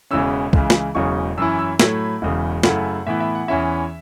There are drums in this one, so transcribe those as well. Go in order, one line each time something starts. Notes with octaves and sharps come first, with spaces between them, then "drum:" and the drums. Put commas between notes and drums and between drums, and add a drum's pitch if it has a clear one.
E1 E2 C#3 E3 C#4 E6
C#2 C#3 E3, drum: kick
drum: snare
E1 E2 C#3 F#3 C#6
F#2 E3 C#4 E4 E6
E6
A2 F#3 A3 E4 B5, drum: snare
E1 E2 C#3
F#2 C#3 A3 E4 F#5, drum: snare
A2 E3 B3 E4 E5
E5
F#5
E2 E3 C#4 E4 E5